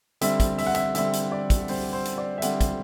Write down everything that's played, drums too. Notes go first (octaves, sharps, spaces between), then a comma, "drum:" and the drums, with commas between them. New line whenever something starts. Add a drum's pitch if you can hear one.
D3 G3 C4 E5, drum: hi-hat
drum: kick, hi-hat
E5, drum: open hi-hat
F#5
E5, drum: hi-hat
D3 G3 C4 E5, drum: hi-hat
drum: hi-hat
D5
drum: kick, hi-hat
D3 G3 C4 C5, drum: open hi-hat
C5
drum: hi-hat
D5
E5
D3 G3 C4 F#5, drum: hi-hat
drum: kick, hi-hat